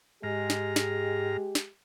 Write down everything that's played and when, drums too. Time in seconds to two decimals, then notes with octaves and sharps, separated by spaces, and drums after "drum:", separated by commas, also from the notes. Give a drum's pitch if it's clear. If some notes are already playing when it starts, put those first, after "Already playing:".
0.23 G#2 G#3 G4 A#5 F6
0.50 drum: snare
0.76 drum: snare
1.55 drum: snare